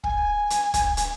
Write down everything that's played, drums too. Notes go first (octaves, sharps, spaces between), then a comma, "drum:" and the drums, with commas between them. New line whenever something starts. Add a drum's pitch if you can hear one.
G#5, drum: kick
drum: hi-hat
drum: kick, hi-hat
drum: hi-hat